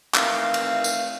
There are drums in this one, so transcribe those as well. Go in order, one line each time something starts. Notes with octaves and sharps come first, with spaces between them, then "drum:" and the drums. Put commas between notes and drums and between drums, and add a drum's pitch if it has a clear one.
D#3 E3 A3 C4 F5, drum: clap
drum: cymbal
drum: tambourine